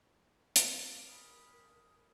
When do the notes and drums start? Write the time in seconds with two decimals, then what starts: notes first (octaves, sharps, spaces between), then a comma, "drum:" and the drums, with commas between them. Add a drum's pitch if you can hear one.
0.56 drum: hi-hat
0.78 D4 A#4
1.08 G3 D4 G#4 B5